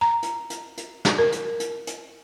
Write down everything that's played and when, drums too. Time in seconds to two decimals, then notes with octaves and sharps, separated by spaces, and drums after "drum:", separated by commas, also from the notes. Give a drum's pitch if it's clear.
0.01 A#5
0.23 drum: hi-hat
0.50 drum: hi-hat
0.77 drum: hi-hat
1.05 drum: snare
1.19 A#4
1.32 drum: hi-hat
1.60 drum: hi-hat
1.87 drum: hi-hat